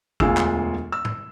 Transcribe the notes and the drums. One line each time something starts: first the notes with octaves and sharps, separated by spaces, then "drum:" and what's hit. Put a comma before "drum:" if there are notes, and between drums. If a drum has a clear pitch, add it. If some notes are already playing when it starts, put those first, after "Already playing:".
E1 D2 F4 G#4 E6, drum: kick
drum: clap
E6
drum: tom G#2